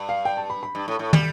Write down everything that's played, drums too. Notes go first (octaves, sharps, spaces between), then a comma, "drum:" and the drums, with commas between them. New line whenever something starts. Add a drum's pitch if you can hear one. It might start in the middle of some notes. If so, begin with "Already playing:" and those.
Already playing: G2
F5
G5
A5
B5
B5
G2
A2
A2
G3, drum: tom